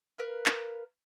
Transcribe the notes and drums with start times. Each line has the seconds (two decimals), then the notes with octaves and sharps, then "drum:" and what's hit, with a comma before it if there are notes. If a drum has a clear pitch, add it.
0.18 A#4 B4 F5
0.46 drum: clap